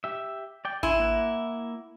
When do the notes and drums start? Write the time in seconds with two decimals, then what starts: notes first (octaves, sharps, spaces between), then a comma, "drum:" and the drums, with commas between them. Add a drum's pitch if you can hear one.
0.04 G4 E5
0.65 D5 G5
0.83 E4 G#5 C6, drum: kick G#1
0.99 A#3 F#5